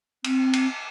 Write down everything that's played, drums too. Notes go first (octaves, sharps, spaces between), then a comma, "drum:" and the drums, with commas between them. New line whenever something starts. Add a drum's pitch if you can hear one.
C4, drum: cymbal
drum: cymbal